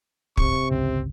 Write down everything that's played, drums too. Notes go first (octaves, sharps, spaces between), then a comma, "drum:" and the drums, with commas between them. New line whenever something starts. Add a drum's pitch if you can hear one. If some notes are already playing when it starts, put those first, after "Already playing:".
C3 C#6, drum: kick
G1 C#2 C#3 C4